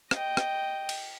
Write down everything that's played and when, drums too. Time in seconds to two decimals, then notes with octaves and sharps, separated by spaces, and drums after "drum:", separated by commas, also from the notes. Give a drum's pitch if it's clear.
0.11 D#5 G5, drum: rim click
0.37 drum: rim click
0.89 drum: cymbal